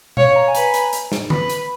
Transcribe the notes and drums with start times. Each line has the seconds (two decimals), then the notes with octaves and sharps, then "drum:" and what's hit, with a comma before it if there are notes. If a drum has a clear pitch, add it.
0.17 C#5 F5, drum: tom B2
0.36 A#5
0.48 G#5
0.55 B4 A#5, drum: hi-hat
0.74 drum: hi-hat
0.93 drum: hi-hat
1.12 drum: snare
1.30 B4 B5, drum: tom D3
1.50 drum: hi-hat